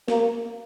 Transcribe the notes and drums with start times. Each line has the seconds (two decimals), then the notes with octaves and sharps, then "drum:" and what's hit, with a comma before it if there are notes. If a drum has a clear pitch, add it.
0.08 A#3, drum: snare